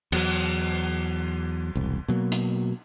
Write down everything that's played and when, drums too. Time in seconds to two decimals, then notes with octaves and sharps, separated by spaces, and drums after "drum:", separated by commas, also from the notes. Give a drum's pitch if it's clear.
0.12 E2 F#3, drum: cymbal
1.76 E1 C2
2.08 B2 F#3 A#3
2.32 drum: hi-hat